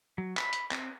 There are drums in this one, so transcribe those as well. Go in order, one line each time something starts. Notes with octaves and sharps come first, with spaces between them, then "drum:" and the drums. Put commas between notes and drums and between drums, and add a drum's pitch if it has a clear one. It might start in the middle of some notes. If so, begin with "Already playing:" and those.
F#3
B5, drum: clap
drum: hi-hat
C4, drum: clap